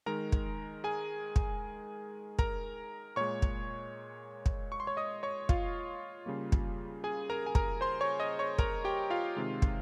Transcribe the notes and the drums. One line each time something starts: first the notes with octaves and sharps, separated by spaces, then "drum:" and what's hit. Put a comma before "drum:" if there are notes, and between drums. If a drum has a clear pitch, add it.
D#3 G#3 A#4 A#5
drum: kick
G#4 G#5
drum: kick
A#4 A#5, drum: kick
A#2 G#3 C#5 C#6
drum: kick
drum: kick
C#6
C6
C#5 C#6
D#5 D#6
C#5 C#6
F4 F5, drum: kick
C#3 G3 A#3
drum: kick
G#4 G#5
A#4 A#5
G#5
A#4 A#5, drum: kick
C5 C6
C#5 C#6
D#5 D#6
C#5 C#6
A#4 A#5, drum: kick
G4 G5
F4 F5
C3 D#3 G#3
drum: kick